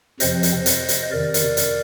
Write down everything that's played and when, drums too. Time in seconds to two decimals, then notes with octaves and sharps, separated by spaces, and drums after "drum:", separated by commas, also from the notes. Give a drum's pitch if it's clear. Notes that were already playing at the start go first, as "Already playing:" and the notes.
0.20 F2 C3 F3 C4 C5 D#5, drum: hi-hat
0.43 drum: hi-hat
0.66 drum: hi-hat
0.89 drum: hi-hat
1.11 F2 C3 D#3 A#4 D5
1.34 drum: hi-hat
1.57 drum: hi-hat